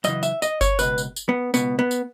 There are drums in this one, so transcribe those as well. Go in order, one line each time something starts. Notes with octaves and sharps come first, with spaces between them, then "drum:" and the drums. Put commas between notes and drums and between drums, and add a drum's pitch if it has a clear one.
F#2 C#3 E3 D#5, drum: tambourine
E5, drum: tambourine
D#5, drum: tambourine
C#5, drum: kick G1, tambourine
C#2 B2 B4, drum: tambourine
drum: tambourine
drum: tambourine
B3
C#2 B2 B3, drum: tambourine
B3
drum: tambourine